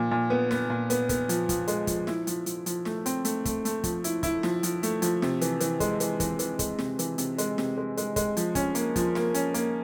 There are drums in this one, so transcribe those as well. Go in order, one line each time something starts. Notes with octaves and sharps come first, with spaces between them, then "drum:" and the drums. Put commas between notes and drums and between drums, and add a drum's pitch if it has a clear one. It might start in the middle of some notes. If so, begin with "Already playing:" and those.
Already playing: A#2 F3
A#2
B3
B3, drum: snare
A#2
B3, drum: hi-hat
B3, drum: kick, hi-hat
F3, drum: hi-hat
F3, drum: kick, hi-hat
G#3, drum: hi-hat
F3, drum: kick, hi-hat
E4, drum: snare
F3, drum: hi-hat
F3, drum: hi-hat
F3, drum: hi-hat
A3, drum: snare
C4, drum: hi-hat
A3, drum: hi-hat
A3, drum: kick, hi-hat
A3, drum: hi-hat
F3, drum: kick, hi-hat
E4, drum: hi-hat
E4, drum: kick, hi-hat
F3, drum: snare
F3, drum: hi-hat
A3, drum: hi-hat
F3, drum: hi-hat
C3, drum: snare
E3, drum: hi-hat
E3, drum: hi-hat
G#3, drum: kick, hi-hat
E3, drum: hi-hat
E3, drum: kick, hi-hat
E3, drum: hi-hat
G#3, drum: kick, hi-hat
C3, drum: snare
E3, drum: hi-hat
C3, drum: hi-hat
G#3, drum: hi-hat
C3, drum: snare
G#3
G#3, drum: hi-hat
G#3, drum: kick, hi-hat
F3, drum: hi-hat
C#4, drum: kick, hi-hat
A#3, drum: hi-hat
F3, drum: kick, hi-hat
A#3, drum: snare
C#4, drum: hi-hat
A#3, drum: hi-hat